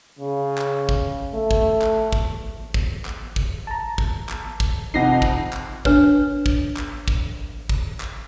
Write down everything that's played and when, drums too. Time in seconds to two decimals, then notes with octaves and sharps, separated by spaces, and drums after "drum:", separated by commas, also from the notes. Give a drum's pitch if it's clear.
0.19 C#3
0.58 drum: clap
0.89 drum: kick
1.34 A3
1.51 drum: kick
1.82 drum: clap
2.13 drum: kick
2.74 drum: kick
3.05 drum: clap
3.36 drum: kick
3.67 A5 A#5
3.98 drum: kick
4.29 drum: clap
4.60 drum: kick
4.94 F2 C3 D#4 F#5 A#6 C7
5.22 drum: kick
5.53 drum: clap
5.85 D4 B4 C#5, drum: kick
6.46 drum: kick
6.77 drum: clap
7.08 drum: kick
7.69 drum: kick
8.00 drum: clap